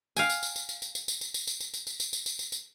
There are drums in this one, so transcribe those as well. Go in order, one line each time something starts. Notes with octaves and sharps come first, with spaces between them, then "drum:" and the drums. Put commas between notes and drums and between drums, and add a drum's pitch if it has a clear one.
F5 G5 G#5, drum: tambourine
drum: tambourine
drum: tambourine
drum: tambourine
drum: tambourine
drum: tambourine
drum: tambourine
drum: tambourine
drum: tambourine
drum: tambourine
drum: tambourine
drum: tambourine
drum: tambourine
drum: tambourine
drum: tambourine
drum: tambourine
drum: tambourine
drum: tambourine
drum: tambourine